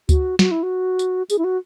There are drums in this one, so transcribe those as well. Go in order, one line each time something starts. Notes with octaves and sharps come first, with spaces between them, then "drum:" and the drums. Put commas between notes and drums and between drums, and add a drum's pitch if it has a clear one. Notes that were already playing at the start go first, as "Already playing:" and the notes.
F#4, drum: kick D2, tambourine
F#4, drum: snare
E4
F#4
drum: tambourine
G#4, drum: tambourine
E4
F#4